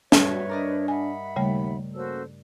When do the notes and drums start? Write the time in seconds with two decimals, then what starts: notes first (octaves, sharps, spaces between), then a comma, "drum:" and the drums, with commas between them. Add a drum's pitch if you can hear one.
0.12 G2 D4 F#4 B4 C#5 E5, drum: snare
0.49 D4 A#4 D5 D#5
0.88 E5 F#5 G#5 B5
1.36 D#2 C#3 G3 A3
1.94 A#3 C#4 F#4 A4 C5 E6